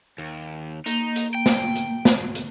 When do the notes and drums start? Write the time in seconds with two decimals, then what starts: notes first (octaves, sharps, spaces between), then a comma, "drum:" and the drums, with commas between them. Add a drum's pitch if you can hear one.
0.18 D#2
0.86 A#3 D#4, drum: hi-hat
1.16 drum: hi-hat
1.34 G5
1.46 drum: snare
1.76 drum: hi-hat
2.05 drum: snare
2.35 drum: hi-hat